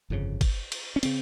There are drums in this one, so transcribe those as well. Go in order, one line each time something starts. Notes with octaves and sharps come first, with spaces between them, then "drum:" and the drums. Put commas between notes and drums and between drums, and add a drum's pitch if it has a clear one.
G1 F2 C#3
drum: kick, cymbal
drum: cymbal
C#4
C#3 C4, drum: cymbal